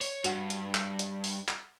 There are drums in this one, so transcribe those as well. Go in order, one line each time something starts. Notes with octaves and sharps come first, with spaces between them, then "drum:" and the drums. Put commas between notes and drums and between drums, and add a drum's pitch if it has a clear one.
C#5, drum: open hi-hat
G2 F#4 F#5, drum: hi-hat
drum: hi-hat
drum: clap
drum: hi-hat
drum: open hi-hat
drum: clap